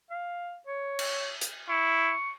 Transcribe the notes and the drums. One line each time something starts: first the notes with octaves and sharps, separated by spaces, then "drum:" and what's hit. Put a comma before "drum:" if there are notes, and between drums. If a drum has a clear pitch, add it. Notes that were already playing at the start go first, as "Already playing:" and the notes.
F5
C#5
drum: cymbal
drum: hi-hat
E4 C#6